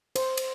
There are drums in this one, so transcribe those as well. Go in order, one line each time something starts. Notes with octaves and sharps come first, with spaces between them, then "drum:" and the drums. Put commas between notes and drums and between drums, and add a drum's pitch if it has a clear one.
C5, drum: cymbal
drum: cymbal